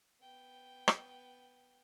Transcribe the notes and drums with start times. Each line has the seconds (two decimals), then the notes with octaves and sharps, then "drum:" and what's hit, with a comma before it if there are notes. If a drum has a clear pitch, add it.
0.22 B3 G5
0.88 drum: rim click